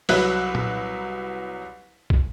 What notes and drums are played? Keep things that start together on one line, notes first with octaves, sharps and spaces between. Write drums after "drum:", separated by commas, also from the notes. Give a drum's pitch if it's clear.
C2 F#3 B4 E5 F#6, drum: open hi-hat
drum: tom A#2
drum: kick